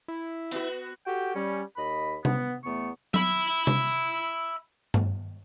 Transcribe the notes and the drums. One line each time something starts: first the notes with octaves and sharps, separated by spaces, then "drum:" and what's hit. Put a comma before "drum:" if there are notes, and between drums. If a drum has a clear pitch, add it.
E4
B3 F#4, drum: hi-hat
F#4 G4 A4 G5
G3 C#4
D#2 D#5 B5
B3, drum: tom C3
E2 A3 B3 C#6
E5 B5, drum: tom F#3
drum: tom C3
drum: tambourine
drum: tom G2